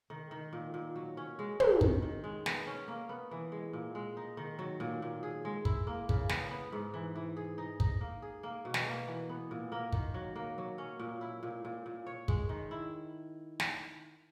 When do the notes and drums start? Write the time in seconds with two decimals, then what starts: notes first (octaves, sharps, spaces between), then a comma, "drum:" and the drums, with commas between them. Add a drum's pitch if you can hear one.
0.10 D#3
0.31 D#3
0.53 A#2
0.74 A#2
0.96 F#3
1.17 C#4
1.39 G#3
1.60 G#3, drum: tom
1.81 D#3, drum: kick
2.02 D#3
2.24 G#3
2.46 B3, drum: snare
2.67 C#4
2.88 A#3
3.09 B3
3.31 E3
3.52 G#3
3.73 A#2
3.95 G#3
4.17 D#4
4.37 D#3
4.59 F#3
4.80 A#2
5.02 A#2
5.23 G#4
5.45 G#3
5.65 E4, drum: kick
5.87 A#3
6.09 C#3, drum: kick
6.29 B3, drum: snare
6.51 B3
6.72 G#2
6.94 E3
7.16 E3
7.37 G#4
7.58 D#4
7.80 D#4, drum: kick
8.01 A#3
8.22 G#4
8.43 A#3
8.65 B2
8.74 drum: snare
8.86 A#3
9.07 E3
9.29 B3
9.51 A#2
9.72 A#3
9.92 D#3, drum: kick
10.14 F#3
10.36 A#3
10.58 F#3
10.78 C#4
10.99 A#2
11.21 E4
11.43 A#2
11.65 A#2
11.86 A#2
12.06 C#5
12.28 G#3, drum: kick
12.49 D#3
12.71 E4
13.60 drum: snare